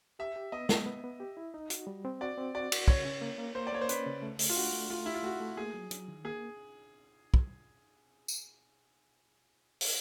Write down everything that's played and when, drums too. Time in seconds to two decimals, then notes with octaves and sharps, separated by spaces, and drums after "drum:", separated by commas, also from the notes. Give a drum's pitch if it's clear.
0.19 G4 E5
0.36 G4
0.52 B3 D#5
0.69 B3, drum: snare
0.86 B3
1.04 B3
1.20 G4
1.37 E4
1.54 D#4
1.70 F#4, drum: hi-hat
1.87 G3
2.05 C4
2.21 F#4 D5
2.38 C4
2.55 F#4 D5
2.72 F#4, drum: cymbal
2.88 C#3 C#5, drum: kick
3.05 C#4
3.21 A#3
3.38 A#3
3.55 A#3 C5
3.67 D5
3.72 A#3 C#5
3.81 C5
3.89 C#4 B4, drum: hi-hat
4.06 C#3
4.22 A3
4.39 A3, drum: open hi-hat
4.49 F4
4.56 D4 F#4
4.73 A3
4.90 A3 F4
5.06 E4 G4
5.14 F4
5.23 A3 F#4
5.40 A3
5.57 A#3 G#4
5.74 F#3
5.91 F#3, drum: hi-hat
6.08 D#3
6.25 A#3 G#4
7.34 drum: kick
8.28 drum: tambourine
9.81 drum: open hi-hat